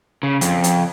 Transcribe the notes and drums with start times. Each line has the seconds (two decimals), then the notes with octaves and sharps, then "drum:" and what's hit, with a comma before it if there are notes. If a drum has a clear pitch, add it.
0.23 C#3
0.41 F2, drum: hi-hat
0.64 drum: hi-hat